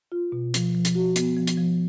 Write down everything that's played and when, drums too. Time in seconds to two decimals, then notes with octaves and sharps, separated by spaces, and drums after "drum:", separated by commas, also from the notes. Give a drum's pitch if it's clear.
0.12 F4
0.32 B2
0.54 F3, drum: hi-hat
0.75 F3
0.85 drum: hi-hat
0.95 F#4
1.16 B3, drum: hi-hat
1.36 F3
1.47 drum: hi-hat
1.57 F3